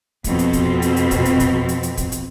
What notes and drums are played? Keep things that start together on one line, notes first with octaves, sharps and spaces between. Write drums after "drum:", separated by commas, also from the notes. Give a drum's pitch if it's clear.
F2 B2 C4, drum: kick, hi-hat
drum: hi-hat
drum: kick, hi-hat
drum: hi-hat
drum: hi-hat
drum: kick, hi-hat
drum: hi-hat
drum: kick, hi-hat
drum: hi-hat
drum: hi-hat
drum: kick, hi-hat
drum: hi-hat